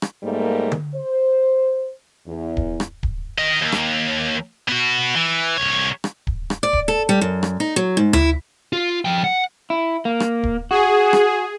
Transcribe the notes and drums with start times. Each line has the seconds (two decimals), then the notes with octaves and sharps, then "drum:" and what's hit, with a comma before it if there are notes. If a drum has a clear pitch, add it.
0.02 drum: rim click
0.23 G#2 G3 A3 A#3
0.72 drum: tom D3
0.95 C5
2.27 E2
2.57 drum: kick D1
2.80 drum: rim click
3.03 drum: kick D1
3.39 D#3 D#5
3.61 D#2
3.72 drum: rim click
4.68 B3 F#4
5.15 E3
5.57 C2 C#5
6.04 drum: rim click
6.27 drum: kick D1
6.50 drum: rim click
6.63 D5
6.73 drum: kick D1
6.88 A4
7.09 G3
7.21 F#2
7.43 drum: rim click
7.60 D#4
7.76 F#3
7.97 G#2
8.13 E4, drum: tom D2
8.73 F4
9.05 F3 G5
9.24 F#5
9.70 E4
10.05 A#3
10.20 drum: rim click
10.43 drum: kick D1
10.71 F#4 G#4
11.13 drum: rim click